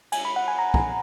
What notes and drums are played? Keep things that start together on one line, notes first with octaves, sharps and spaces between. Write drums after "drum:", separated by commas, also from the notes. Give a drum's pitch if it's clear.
G#5, drum: cymbal
B5
F#5
G#5
A#5
A#5, drum: kick